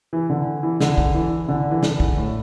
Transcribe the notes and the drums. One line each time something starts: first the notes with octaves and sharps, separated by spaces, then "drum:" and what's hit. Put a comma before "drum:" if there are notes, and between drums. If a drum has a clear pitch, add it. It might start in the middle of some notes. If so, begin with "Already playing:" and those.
E3
D3
E3
D3, drum: snare
drum: kick
E3
D3
E3
D3, drum: snare
drum: kick
A2